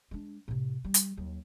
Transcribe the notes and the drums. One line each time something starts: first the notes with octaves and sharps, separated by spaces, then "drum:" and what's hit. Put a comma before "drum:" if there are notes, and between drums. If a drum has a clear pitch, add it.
G#3 D4
A2 C3
G3
drum: hi-hat
D#2 F#3